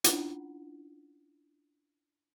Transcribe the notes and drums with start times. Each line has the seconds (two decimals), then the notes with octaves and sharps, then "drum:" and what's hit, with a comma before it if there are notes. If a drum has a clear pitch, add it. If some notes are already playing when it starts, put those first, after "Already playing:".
0.04 C#4 D4 E4 F4 F#5, drum: hi-hat